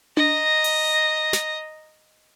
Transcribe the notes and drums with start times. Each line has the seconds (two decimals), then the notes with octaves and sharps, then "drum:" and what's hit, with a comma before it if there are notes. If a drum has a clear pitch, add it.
0.17 D#5 A#5, drum: tom D4
0.64 drum: open hi-hat
1.33 drum: snare